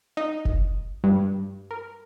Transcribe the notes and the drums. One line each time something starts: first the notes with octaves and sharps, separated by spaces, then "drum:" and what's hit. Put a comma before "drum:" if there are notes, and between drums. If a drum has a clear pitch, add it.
D#4
drum: kick F1
G2
A#4